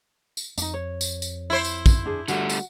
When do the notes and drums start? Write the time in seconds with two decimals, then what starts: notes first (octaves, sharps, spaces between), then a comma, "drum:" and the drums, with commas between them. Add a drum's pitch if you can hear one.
0.37 drum: tambourine
0.58 F2 D4 D#4, drum: tambourine
0.74 C#5
1.01 drum: tambourine
1.22 drum: tambourine
1.50 E4 C5
1.64 drum: tambourine
1.86 drum: kick, tambourine
2.06 D4 G#4
2.28 D3 G3 A3 F#4, drum: tambourine
2.49 drum: tambourine